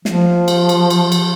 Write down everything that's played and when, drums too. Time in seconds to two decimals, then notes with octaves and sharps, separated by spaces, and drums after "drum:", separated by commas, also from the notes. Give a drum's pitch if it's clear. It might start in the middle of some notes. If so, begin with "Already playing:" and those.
0.05 F3, drum: snare
0.48 drum: cymbal
0.69 drum: cymbal
0.90 drum: cymbal
1.12 drum: cymbal